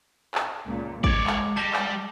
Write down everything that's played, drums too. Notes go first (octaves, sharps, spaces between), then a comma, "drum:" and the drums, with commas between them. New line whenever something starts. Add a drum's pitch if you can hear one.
drum: clap
C#2 A#2
G#3 C#5 D5 D6, drum: kick G#1
drum: clap
G3 G4 A5 A#6
drum: clap